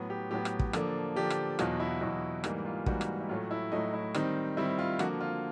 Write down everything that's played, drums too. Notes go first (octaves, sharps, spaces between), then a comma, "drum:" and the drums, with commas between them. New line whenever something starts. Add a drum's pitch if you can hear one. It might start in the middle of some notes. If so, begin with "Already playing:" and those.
Already playing: A2 F#3 B3
G4
A2 F#3 B3 G4
drum: rim click
drum: kick
D3 F3 A#3 D4 A4, drum: rim click
D3 F3 A#3 D4 G4
drum: rim click
E2 B2 F#3 F4, drum: rim click
E4
E2 B2 F#3 E4
G#2 E3 G3 A#3, drum: rim click
F4
G#2 E3 G3 A#3 F#4, drum: kick
drum: rim click
E4
A2 F#3 A3 F4
E4
A2 F#3 A3 D#4
E4
D#3 G3 C4 D#4, drum: rim click
D#3 G3 C4 E4
F4
D3 F3 A#3 F#4, drum: rim click
F4